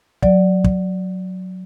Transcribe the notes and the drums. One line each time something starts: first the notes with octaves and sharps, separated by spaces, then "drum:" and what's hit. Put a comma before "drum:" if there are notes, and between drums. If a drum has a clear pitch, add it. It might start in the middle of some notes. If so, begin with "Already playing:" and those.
F#3 D5, drum: kick
drum: kick